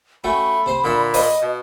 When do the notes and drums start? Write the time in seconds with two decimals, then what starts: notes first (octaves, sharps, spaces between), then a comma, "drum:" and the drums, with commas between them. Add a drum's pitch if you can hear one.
0.24 A3 C#4 F#4 G5 B5
0.66 C3 C5 C6
0.84 A#2 D3 D5 E5
1.14 D#5 F5 D#6, drum: open hi-hat
1.41 B2